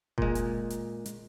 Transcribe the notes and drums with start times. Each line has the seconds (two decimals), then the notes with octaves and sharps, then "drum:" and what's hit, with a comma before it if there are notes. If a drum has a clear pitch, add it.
0.18 A#2 G#3, drum: kick F1
0.35 drum: hi-hat
0.70 drum: hi-hat
1.06 drum: hi-hat